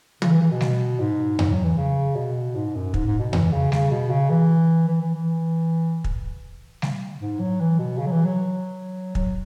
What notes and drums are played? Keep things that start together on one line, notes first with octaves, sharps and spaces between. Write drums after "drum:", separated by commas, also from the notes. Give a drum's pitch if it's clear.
C#3, drum: tom
E3
E3
B2
drum: snare G3
G#2
G#2, drum: tom E2
F#3
E3
C#3
B2
G#2
F#2
G#2, drum: kick
G#2
B2
E3, drum: tom E2
C#3
C#3, drum: snare G3
B2
C#3
E3
E3
E3
E3
drum: kick
drum: snare G3
G#2
F#3
E3
B2
C#3
F#3
E3
F#3
F#3, drum: kick